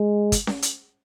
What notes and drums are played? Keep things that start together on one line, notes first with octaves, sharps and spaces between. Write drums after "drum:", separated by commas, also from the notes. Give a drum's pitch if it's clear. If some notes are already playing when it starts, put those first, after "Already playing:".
Already playing: G#3
drum: kick, hi-hat
drum: snare C#4
drum: hi-hat